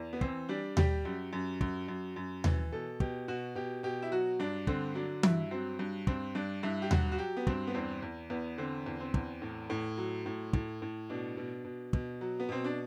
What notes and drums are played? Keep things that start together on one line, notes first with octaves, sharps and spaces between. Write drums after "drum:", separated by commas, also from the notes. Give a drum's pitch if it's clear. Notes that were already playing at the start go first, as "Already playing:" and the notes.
Already playing: E2
B3
E3 C4, drum: kick
G3 D4
G3 G4, drum: tom D#2
F#2
F#2
F#2, drum: kick
F#2
F#2
E3, drum: tom D#2
B2 A4
B2 G4, drum: kick
B2 F#4
B2 G4
B2 G4
E4
F#3 F#4
G2 D4
D3 C4, drum: kick
F#3 D4
G2 E4, drum: tom E3
F#3 C4
G2
G2 C4, drum: kick
G2 D4
G2 E4
G4
F#3 F#4, drum: tom D#2
F#4
F#3 G4
B3
G2 C4, drum: kick
B3
E2 C4
E2
E2 B3
D3 C4
E2
C4
E2, drum: kick
A2
A2
F#3
A2
A2, drum: kick
A2
B2 D4
B2
B2
B2, drum: kick
F#3
B3
B2 C4
D4